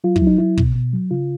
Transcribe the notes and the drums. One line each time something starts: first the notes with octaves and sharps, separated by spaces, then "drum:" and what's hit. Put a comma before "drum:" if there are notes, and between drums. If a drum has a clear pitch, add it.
F#3 F4
E4, drum: kick
F#3
D#4
F#3 E4
B2, drum: kick
B2
F#3
C#3 F4